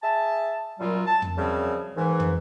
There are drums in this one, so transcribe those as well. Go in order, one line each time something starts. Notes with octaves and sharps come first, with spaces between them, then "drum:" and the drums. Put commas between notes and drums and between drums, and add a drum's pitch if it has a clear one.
G#4 E5 A5
F#2 A#2 F#3 G3 F4
A5
drum: tom
F#2 C#3 F3 G3 C4
G#2 D#3 E3
drum: tom